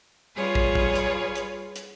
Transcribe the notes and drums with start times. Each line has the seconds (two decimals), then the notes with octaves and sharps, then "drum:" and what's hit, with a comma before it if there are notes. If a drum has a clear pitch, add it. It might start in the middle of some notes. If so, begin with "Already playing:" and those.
0.35 G3 F4 G#4 B4 C#5
0.55 drum: kick
0.75 drum: kick
0.95 drum: hi-hat
1.36 drum: hi-hat
1.76 drum: hi-hat